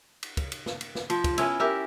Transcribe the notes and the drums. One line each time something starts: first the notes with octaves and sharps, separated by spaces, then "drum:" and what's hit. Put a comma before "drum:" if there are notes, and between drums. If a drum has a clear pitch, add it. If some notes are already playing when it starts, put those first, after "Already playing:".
drum: cymbal
drum: kick, cymbal
drum: cymbal
drum: snare
drum: cymbal
drum: snare
F3, drum: cymbal
drum: kick, cymbal
B3 C#4 E4, drum: cymbal
G4 A#4 E5